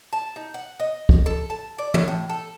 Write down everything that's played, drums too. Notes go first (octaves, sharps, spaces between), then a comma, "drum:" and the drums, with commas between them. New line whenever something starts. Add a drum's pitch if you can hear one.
A5
D#4
F#5
D#5
drum: kick
A4
A5
D5
F#3, drum: tom
A2
A4